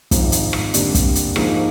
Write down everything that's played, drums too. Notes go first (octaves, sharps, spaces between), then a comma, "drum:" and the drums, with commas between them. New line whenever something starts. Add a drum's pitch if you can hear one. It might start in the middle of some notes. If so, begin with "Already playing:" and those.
G#1 G#2 F3, drum: kick, hi-hat
drum: hi-hat
drum: rim click
F2 D3 G3 A#3 D4, drum: hi-hat
drum: kick, hi-hat
drum: hi-hat
G#2 F3 A#3 D#4 G#4, drum: rim click